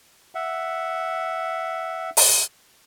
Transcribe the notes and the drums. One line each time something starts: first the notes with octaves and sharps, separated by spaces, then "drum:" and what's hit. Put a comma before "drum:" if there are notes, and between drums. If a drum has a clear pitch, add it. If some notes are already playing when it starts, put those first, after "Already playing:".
E5 F#5
drum: open hi-hat